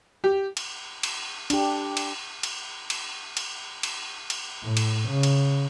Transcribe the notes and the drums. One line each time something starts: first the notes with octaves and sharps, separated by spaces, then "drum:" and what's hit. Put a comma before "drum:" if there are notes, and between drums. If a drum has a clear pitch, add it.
G4
drum: cymbal
drum: cymbal
D4 G4, drum: cymbal
drum: cymbal
drum: cymbal
drum: cymbal
drum: cymbal
drum: cymbal
drum: cymbal
A2
drum: cymbal
C#3
drum: cymbal